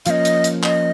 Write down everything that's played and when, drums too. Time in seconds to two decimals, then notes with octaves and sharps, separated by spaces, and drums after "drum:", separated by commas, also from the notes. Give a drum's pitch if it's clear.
0.06 F3 A#3 C#4 D#5 F5, drum: hi-hat
0.25 drum: hi-hat
0.44 drum: hi-hat
0.63 D#5, drum: clap